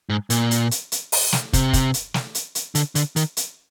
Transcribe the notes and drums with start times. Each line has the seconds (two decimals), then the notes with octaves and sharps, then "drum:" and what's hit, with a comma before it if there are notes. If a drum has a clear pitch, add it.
0.09 G#2
0.30 A#2, drum: hi-hat
0.51 drum: hi-hat
0.71 drum: hi-hat
0.92 drum: hi-hat
1.12 drum: open hi-hat
1.33 drum: snare
1.53 C3, drum: kick, hi-hat
1.73 drum: kick, hi-hat
1.94 drum: hi-hat
2.14 drum: snare
2.35 drum: hi-hat
2.55 drum: hi-hat
2.75 D3, drum: hi-hat
2.95 D3, drum: hi-hat
3.16 D#3, drum: hi-hat
3.37 drum: hi-hat